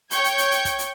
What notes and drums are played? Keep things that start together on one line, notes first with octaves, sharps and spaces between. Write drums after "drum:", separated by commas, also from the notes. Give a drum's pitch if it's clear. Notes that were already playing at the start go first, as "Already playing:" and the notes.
C#5 G5 C#6 G6 G#6, drum: hi-hat
drum: hi-hat
drum: hi-hat
drum: hi-hat
drum: kick, hi-hat
drum: hi-hat